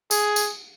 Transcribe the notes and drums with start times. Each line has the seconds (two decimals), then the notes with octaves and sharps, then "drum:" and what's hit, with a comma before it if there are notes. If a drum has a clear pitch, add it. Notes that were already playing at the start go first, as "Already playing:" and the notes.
0.11 G#4, drum: tambourine
0.36 drum: tambourine